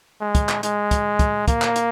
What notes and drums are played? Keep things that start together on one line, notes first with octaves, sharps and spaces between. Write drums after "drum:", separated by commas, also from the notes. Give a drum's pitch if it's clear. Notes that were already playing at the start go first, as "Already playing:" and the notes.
G#3
drum: kick, hi-hat
drum: clap
G#3, drum: hi-hat
drum: kick, hi-hat
drum: kick, hi-hat
A#3, drum: kick, hi-hat
drum: clap
drum: hi-hat